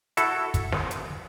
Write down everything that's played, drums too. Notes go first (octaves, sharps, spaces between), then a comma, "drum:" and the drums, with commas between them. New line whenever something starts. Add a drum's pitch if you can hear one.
E4 F#4 A4, drum: hi-hat
drum: kick, hi-hat
drum: snare
drum: hi-hat